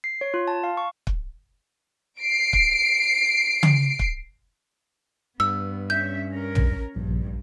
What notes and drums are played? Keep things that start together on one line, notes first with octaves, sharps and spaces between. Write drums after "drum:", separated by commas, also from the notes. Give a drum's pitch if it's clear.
C7
C#5
F4
A5
F5
C#6
drum: kick
C7 D7
drum: kick
drum: tom C#3
drum: kick
G2 B3 E6
C#4 E5 G6
C#4 A#4
drum: tom
A#1 G2